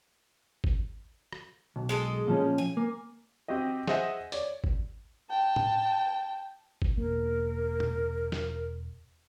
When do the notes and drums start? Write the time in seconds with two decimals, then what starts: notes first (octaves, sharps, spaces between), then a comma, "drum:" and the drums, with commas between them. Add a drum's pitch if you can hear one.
0.64 drum: kick G1
1.33 drum: rim click
1.76 B1
1.89 G#3 A4 D#5
2.28 A#2 F3 C#4
2.58 G#5
2.77 A#3
3.48 C4 F#4 G4 D#5
3.87 G#4 C5 D#5 E5 F#5 G#5, drum: snare
4.32 C#5 D5, drum: hi-hat
4.64 drum: kick G1
5.30 G5 A5
5.56 drum: tom
6.82 drum: kick G1
6.98 E1 A#3 A#4
7.80 drum: tom A#2
8.32 drum: snare